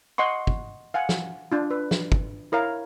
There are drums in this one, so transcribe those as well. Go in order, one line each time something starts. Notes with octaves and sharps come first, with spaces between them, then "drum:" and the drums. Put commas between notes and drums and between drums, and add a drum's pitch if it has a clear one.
D#5 F#5 C6 C#6
drum: kick
F5 F#5 G#5
drum: snare
D4 F4
B4
drum: snare
drum: kick
E4 A#4 C#5 F5